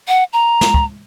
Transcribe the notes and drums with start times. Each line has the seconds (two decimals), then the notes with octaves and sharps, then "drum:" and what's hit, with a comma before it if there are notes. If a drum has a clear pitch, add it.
0.08 F#5
0.33 A#5
0.61 drum: snare
0.74 drum: kick